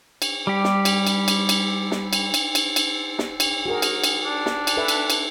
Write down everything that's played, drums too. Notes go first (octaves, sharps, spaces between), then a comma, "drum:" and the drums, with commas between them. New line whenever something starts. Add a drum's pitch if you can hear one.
drum: cymbal
G3 G4
drum: snare
drum: cymbal
drum: cymbal
drum: cymbal
drum: cymbal
drum: snare
drum: cymbal
drum: cymbal
drum: cymbal
drum: cymbal
drum: snare
drum: cymbal
F#4 G#4 A#4
drum: cymbal
drum: cymbal
D4
drum: snare
drum: cymbal
A4 B4 E5
drum: cymbal
drum: cymbal